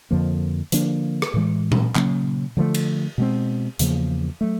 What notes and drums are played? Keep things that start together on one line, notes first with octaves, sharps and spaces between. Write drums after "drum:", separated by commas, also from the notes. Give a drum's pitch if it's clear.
F2 D3 F3 A#3
D3 F3 A#3 D4, drum: hi-hat
drum: rim click
A2 E3 G#3
drum: tom A#2
C#3 F#3 A#3 C#4, drum: clap
D3 F3 A3
drum: cymbal
B2 G#3 C4
E2 C#3 F3 A#3, drum: hi-hat
F#3 A3